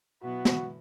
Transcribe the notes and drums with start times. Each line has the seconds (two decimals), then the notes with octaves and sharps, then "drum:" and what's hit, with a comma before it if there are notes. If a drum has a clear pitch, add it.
0.23 B2 F#3 B3 E4 F#4 B4
0.45 drum: snare